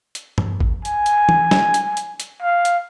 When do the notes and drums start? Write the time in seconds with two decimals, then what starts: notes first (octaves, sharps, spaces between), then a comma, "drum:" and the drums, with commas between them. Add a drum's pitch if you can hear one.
0.15 drum: hi-hat
0.38 drum: tom G2
0.60 drum: kick A1
0.85 G#5, drum: hi-hat
1.06 drum: hi-hat
1.29 drum: tom
1.51 drum: snare
1.74 drum: hi-hat
1.97 drum: hi-hat
2.20 drum: hi-hat
2.42 F5
2.65 drum: hi-hat